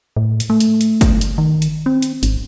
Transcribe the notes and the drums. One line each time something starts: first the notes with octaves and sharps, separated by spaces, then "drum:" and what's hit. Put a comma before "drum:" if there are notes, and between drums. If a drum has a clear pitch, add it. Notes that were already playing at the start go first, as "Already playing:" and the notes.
A2
drum: hi-hat
A3
drum: hi-hat
drum: hi-hat
drum: kick G1, hi-hat
drum: hi-hat
D#3
drum: hi-hat
C4
drum: hi-hat
G#1, drum: hi-hat